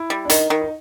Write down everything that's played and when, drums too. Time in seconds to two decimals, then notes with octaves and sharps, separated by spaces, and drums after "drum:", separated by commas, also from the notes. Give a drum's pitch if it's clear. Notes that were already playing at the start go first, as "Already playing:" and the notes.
Already playing: E4
0.10 G3
0.25 D4
0.30 D#3 D#4, drum: hi-hat
0.50 D#3
0.61 D#4